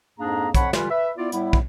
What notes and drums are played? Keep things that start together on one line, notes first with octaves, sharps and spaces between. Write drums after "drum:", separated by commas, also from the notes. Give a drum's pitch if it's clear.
F2 G#2 A#3 D4 G#4 A#5
F2 F3 C#5 F#5 B5, drum: kick, hi-hat
D3 E3 G3 F4 G4 B4, drum: snare
B4 E5
B3 E4 F4 D5
A2 G3 B3 E4, drum: hi-hat
drum: kick